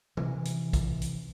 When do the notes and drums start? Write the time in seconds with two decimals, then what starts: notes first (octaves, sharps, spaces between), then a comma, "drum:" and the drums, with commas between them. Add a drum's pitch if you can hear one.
0.17 C3 E3, drum: tom
0.45 drum: hi-hat
0.73 drum: kick, hi-hat
1.02 drum: hi-hat